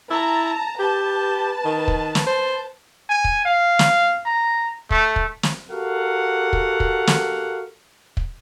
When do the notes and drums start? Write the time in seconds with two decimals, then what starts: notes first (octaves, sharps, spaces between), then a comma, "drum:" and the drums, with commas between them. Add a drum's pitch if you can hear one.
0.11 E4 A5 A#5
0.79 G4 B4 A5
1.65 D#3
1.88 drum: kick
2.15 drum: snare
2.27 C5
3.09 G#5
3.24 drum: kick
3.45 F5
3.79 drum: snare
4.25 A#5
4.91 A3, drum: kick
5.16 drum: kick
5.43 drum: snare
5.71 F#4 G4 A4 A#4 F5 F#5
6.53 drum: kick
6.80 drum: kick
7.07 drum: snare
8.17 drum: kick